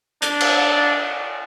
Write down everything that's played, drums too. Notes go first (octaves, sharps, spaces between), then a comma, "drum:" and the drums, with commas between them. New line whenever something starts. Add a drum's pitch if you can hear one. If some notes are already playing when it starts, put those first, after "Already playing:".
D4, drum: hi-hat
drum: cymbal